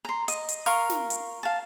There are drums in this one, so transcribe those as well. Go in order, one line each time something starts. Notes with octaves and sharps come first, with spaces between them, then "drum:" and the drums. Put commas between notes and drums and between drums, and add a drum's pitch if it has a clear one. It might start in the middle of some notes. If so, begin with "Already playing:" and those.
A#5 C6
D#5, drum: hi-hat
drum: hi-hat
A#4 F5 C6 C#6, drum: open hi-hat
drum: snare
drum: hi-hat
F5 A5